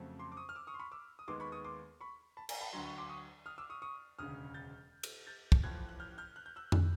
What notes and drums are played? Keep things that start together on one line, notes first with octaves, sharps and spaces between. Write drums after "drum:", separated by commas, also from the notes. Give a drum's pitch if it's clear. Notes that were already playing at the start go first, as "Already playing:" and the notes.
Already playing: F2 C#3 F#3 A3 C4
C6 D6
D6
C#6 D#6
F6
D6 E6
C#6 D#6
C6
B5 C#6
D6 E6
D#6
D#2 D#3 G#3 B3 C6 D6
B5 C#6
C#6 D#6
C6 D6
B5 C#6
A5 B5
G#5 A#5, drum: cymbal
A5 B5
D2 D3 F#3 A#5 C6
B5 C#6
C6 D6
C#6 D#6
D#6 F6
D6 E6
C#6 D#6
C#6 D#6
E1 D2 C#3 D#6 F6
G6 A6
drum: cymbal
G6 A6
drum: kick
A1 A2 F3 F#6 G#6
F#6
F6 G6
F6 G6
F#6
G6
E6 F#6
E6 F#6, drum: tom F2